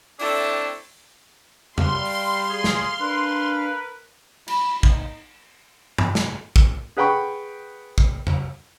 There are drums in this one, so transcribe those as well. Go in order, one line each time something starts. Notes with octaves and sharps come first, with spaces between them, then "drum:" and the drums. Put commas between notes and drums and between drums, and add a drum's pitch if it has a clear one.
A3 C4 D4 E4 G4 A4, drum: open hi-hat
G3 F5 C6 F6, drum: tom E2
drum: open hi-hat
G#4
drum: snare
D4 A#4 B4
B5, drum: cymbal
D#4, drum: kick
drum: tom G2
drum: snare
drum: kick
G#4 B4 F#5 G5 B5 C#6
drum: kick
drum: tom E2